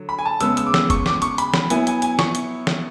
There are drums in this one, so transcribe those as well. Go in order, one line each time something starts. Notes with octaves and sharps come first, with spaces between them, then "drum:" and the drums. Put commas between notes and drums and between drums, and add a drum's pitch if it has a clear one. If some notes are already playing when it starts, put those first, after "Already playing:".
Already playing: D3 F#3
B5
G#5
A5
C#3 G#3 B3 E6, drum: hi-hat
E6, drum: hi-hat
D6
E6, drum: snare
C#6, drum: kick, hi-hat
D6, drum: snare
C#6, drum: hi-hat
B5, drum: hi-hat
B5, drum: snare
F#3 B3 E4 G#5, drum: hi-hat
G#5, drum: hi-hat
G#5, drum: hi-hat
C#6, drum: snare
drum: hi-hat
drum: snare